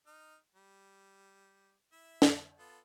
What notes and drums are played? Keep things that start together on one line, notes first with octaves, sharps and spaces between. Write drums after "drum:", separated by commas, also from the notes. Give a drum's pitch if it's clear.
D#4 F6
G3
E4 E5
drum: snare
B3 F4 A4